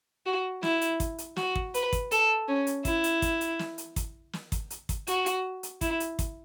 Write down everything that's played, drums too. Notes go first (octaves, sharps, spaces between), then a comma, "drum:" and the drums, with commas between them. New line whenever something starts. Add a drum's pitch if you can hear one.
F#4
E4, drum: snare
drum: hi-hat
drum: kick, hi-hat
drum: hi-hat
F#4, drum: snare
drum: kick
B4, drum: hi-hat
drum: kick, hi-hat
A4, drum: hi-hat
C#4
drum: hi-hat
E4, drum: kick, hi-hat
drum: hi-hat
drum: kick, hi-hat
drum: hi-hat
drum: snare
drum: hi-hat
drum: kick, hi-hat
drum: snare
drum: kick, hi-hat
drum: hi-hat
drum: kick, hi-hat
F#4, drum: hi-hat
drum: hi-hat
drum: hi-hat
E4, drum: kick, hi-hat
drum: hi-hat
drum: kick, hi-hat